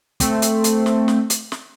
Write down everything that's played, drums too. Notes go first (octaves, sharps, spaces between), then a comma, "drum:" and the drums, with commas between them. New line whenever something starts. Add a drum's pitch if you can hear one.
A3 C4, drum: kick, hi-hat
drum: hi-hat
drum: hi-hat
drum: snare
drum: snare
drum: hi-hat
drum: snare